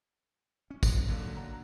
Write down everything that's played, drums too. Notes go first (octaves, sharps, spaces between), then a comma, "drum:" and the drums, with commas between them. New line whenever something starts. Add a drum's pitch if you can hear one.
C#4
B1, drum: kick, tambourine
B1 D3 F#3 A#3
D4 F#5 A#5